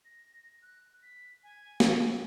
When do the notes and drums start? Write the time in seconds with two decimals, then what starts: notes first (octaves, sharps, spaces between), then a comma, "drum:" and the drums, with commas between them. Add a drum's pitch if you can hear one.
0.05 A#6
0.62 F#6
1.02 B6
1.43 G#5
1.80 drum: snare